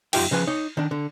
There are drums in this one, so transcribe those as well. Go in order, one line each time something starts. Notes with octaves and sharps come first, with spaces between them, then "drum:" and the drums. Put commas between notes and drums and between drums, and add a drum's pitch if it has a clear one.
F#2 D#4 F4 G4 E5 G5, drum: cymbal
C#3 F3 B4 G#5
D#4 C#5
D#3 D4
D3